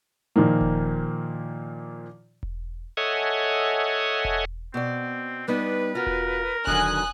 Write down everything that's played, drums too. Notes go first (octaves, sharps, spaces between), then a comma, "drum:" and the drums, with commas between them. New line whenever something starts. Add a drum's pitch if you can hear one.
A#2 D#3 F3 A#3
drum: kick E1
drum: kick E1
A4 C#5 D#5 E5 F#5 G#5
drum: kick E1
B2 C4 D5
G3 B3 D4 D#4 B4
F4 F#4 A#4
drum: kick E1
D3 D#3 F#3 G#5 D#6 F#6, drum: kick E1